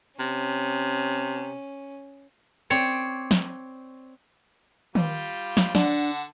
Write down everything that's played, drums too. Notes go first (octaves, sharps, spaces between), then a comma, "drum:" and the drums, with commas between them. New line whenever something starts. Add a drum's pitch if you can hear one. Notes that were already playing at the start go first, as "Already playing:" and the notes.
C3 C#4
C4 C#5 D5
drum: snare
G3 F4, drum: tom D#3
drum: snare
D3 D4 F#5 A5, drum: snare